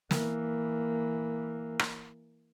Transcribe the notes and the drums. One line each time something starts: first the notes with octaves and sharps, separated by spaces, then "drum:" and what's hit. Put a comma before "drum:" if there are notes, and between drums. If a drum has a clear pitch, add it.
E3 A#3, drum: snare
drum: rim click